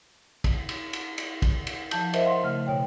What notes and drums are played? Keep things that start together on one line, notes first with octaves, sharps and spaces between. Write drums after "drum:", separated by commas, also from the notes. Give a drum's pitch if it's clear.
drum: kick, cymbal
drum: cymbal
drum: cymbal
drum: cymbal
drum: kick, cymbal
drum: cymbal
F3 A5 G6, drum: cymbal
A#4 C5 D#5 E5, drum: cymbal
F5 F#5 C6
C#3 A3 F6
B2 C#5 G5